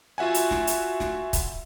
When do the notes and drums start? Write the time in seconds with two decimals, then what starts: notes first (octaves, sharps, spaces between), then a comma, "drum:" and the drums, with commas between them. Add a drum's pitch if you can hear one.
0.18 F4 F#4 E5 F#5 G#5
0.34 drum: hi-hat
0.51 drum: snare
0.67 drum: hi-hat
1.00 drum: snare
1.33 drum: kick, hi-hat